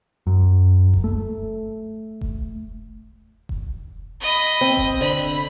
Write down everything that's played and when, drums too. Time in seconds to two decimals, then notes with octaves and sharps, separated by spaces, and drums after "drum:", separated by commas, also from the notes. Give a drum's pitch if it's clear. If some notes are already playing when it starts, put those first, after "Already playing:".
0.27 F#2
0.94 drum: kick E1
1.04 A3
2.21 drum: kick E1
3.49 drum: kick E1
4.21 D#5 B5
4.61 C4
4.77 drum: kick E1
5.01 D3 B5